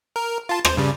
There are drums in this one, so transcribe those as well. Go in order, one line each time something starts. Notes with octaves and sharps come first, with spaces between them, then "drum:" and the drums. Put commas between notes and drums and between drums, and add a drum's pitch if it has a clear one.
A#4
F4 A5
C5, drum: rim click
G2 C#3 G3